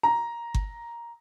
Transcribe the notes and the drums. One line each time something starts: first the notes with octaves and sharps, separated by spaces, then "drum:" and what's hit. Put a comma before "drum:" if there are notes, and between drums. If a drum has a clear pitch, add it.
A#5
drum: kick G1